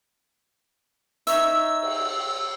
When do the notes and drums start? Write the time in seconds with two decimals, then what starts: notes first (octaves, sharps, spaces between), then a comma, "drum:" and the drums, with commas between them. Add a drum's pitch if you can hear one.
1.27 D#4 C#5 E5 E6, drum: hi-hat
1.82 drum: cymbal